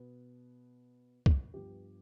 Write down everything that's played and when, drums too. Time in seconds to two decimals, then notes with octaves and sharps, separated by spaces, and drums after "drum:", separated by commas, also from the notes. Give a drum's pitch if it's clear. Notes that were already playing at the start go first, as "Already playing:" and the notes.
Already playing: B2 B3
1.26 drum: kick
1.54 G2 F3 B3 G4